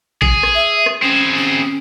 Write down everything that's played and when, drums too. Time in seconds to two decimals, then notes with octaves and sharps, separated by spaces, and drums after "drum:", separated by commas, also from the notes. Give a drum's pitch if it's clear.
0.22 G#4, drum: kick A1
0.43 drum: rim click
0.55 E5
0.86 drum: rim click
1.03 C4 C#4 G#4
1.37 C#4